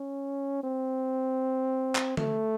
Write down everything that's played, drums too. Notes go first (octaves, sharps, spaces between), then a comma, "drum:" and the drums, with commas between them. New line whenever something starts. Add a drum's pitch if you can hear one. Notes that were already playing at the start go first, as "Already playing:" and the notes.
Already playing: C#4
C4
drum: clap
A3, drum: tom D3